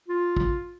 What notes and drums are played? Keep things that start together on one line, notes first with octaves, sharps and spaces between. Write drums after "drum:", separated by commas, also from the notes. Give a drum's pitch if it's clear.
F4
drum: kick